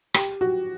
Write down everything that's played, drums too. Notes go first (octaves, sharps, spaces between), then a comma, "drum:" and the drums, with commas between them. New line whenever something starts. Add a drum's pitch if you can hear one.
G4, drum: rim click
F#4